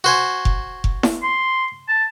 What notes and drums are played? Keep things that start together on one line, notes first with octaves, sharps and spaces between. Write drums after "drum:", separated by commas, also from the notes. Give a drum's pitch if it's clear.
F#4 C5 G#5
drum: kick F1
drum: kick F1
drum: snare E4
C6
A5